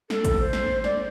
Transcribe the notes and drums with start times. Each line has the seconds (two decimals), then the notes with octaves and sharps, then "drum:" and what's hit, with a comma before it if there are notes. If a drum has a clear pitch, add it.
0.10 A4, drum: snare
0.25 drum: kick A1, hi-hat
0.39 C5
0.53 drum: snare
0.84 D5, drum: snare